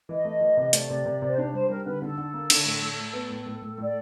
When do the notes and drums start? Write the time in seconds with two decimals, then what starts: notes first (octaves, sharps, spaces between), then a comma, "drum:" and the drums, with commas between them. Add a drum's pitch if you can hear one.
0.09 E3 D#5
0.25 A3
0.41 E3
0.57 C3
0.73 A3 D5, drum: hi-hat
0.90 C3
1.05 C3
1.22 C3 C5
1.37 D4 C#5
1.53 G3 C5
1.69 G3 A#4
1.86 D3 B4
2.02 D3 A4
2.18 D3
2.34 A#3
2.50 D3, drum: cymbal
2.66 A2
2.82 A2
2.98 A2
3.13 B3
3.30 A2
3.46 A2
3.62 A2
3.78 A2
3.83 D5